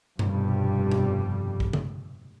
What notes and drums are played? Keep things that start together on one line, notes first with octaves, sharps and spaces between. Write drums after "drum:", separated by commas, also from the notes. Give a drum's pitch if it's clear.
F1 G2 B2 G3, drum: tom G2
drum: tom B2
drum: kick A#1
drum: tom C#3